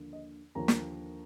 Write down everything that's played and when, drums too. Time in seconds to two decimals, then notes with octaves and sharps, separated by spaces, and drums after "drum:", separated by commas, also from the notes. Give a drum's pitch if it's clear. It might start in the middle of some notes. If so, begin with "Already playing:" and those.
Already playing: D#2 D3 F3 A#3
0.13 D#5
0.55 D#2 D3 F3 A#3 A#5
0.68 drum: snare